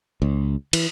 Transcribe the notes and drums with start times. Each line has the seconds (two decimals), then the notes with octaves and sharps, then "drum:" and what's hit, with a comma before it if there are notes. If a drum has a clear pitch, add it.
0.22 C#2
0.73 E3, drum: cymbal